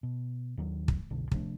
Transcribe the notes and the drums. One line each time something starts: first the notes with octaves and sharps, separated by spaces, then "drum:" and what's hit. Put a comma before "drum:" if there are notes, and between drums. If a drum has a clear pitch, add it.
B2
D#2 D#3 F#3
drum: kick
F#1 C2 B2 D3
C3 F3 A3 D4, drum: kick